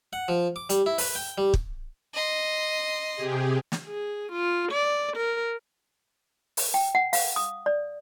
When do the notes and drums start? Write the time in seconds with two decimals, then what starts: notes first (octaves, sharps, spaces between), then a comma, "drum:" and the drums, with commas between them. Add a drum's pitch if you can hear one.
0.13 F#5
0.28 F3
0.56 D6
0.70 G3, drum: hi-hat
0.86 E4
0.98 B4, drum: open hi-hat
1.15 G5
1.38 G3
1.54 drum: kick
2.14 D#5 C6
3.15 C3 G4 G#4
3.72 drum: snare
3.87 G#4
4.32 F4
4.72 D5
5.17 A#4
6.57 drum: open hi-hat
6.74 G5
6.95 F#5
7.13 F5, drum: open hi-hat
7.36 D#6
7.66 D5